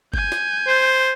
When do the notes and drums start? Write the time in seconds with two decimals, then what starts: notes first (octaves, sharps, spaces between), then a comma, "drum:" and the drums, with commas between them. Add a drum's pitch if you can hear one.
0.14 G#5 G6, drum: kick G1
0.32 drum: snare
0.67 C5